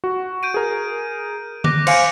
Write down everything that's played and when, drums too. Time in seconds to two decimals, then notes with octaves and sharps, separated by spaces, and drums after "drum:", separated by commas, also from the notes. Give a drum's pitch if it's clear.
0.04 F#4
0.43 G6 D7 D#7
0.54 G#4 A#4
1.64 D6 F#6 A#6, drum: tom D3
1.87 C5 F5 G#5 C#7 D7, drum: cymbal